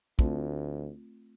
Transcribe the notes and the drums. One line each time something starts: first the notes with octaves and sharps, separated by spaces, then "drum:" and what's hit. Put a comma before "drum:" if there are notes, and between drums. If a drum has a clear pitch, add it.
D2 A3 C4 F4, drum: kick